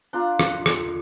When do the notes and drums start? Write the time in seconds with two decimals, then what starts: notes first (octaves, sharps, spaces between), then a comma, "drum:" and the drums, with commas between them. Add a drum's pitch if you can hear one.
0.13 D4 F4 A#5
0.39 drum: rim click
0.66 drum: rim click